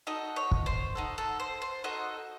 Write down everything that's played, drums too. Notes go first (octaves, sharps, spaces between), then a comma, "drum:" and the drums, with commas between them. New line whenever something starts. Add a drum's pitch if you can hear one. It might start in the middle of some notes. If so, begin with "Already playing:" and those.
D#4 F#4 A4 D#5
C#5
drum: kick
C5
D#4 F#4 A4
A4
C5
C5
D#4 F#4 A4 D#5